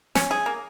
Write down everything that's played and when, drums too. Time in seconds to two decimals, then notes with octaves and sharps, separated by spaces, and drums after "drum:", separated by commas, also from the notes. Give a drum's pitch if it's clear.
0.15 C#4, drum: snare
0.31 G#4
0.46 A#3